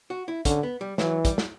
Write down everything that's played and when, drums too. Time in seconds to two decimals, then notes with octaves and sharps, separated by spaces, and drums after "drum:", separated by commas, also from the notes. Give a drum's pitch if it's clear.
0.10 F#4
0.28 E4
0.45 D3 C#4, drum: kick, hi-hat
0.63 B3
0.81 G3
0.98 E3 F#3, drum: snare
1.25 G3, drum: kick, hi-hat
1.38 drum: snare